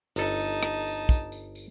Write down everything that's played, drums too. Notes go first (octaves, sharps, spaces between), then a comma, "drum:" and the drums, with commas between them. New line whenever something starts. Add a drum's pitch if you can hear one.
G1 D#4 A4 A5, drum: tambourine
drum: tambourine
drum: rim click
drum: tambourine
drum: kick, tambourine
drum: tambourine
drum: tambourine